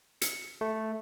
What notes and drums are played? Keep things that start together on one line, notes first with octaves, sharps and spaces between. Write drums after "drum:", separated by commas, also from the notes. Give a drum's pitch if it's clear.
C#7, drum: hi-hat
A3